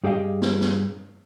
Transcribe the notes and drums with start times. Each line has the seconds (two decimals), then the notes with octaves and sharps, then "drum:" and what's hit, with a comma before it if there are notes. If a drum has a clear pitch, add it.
0.04 G2 G4 G#4 D#5 F5 G5
0.42 drum: snare
0.61 drum: snare